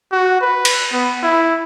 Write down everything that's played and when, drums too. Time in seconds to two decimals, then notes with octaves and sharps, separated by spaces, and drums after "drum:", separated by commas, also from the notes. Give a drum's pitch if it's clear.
0.12 F#4
0.41 B4
0.65 drum: cymbal
0.92 B3
1.23 E4